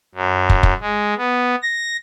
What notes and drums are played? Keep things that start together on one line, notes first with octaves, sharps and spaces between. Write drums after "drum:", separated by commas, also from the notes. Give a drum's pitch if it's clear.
F#2
drum: kick
drum: kick
G#3
B3
A#6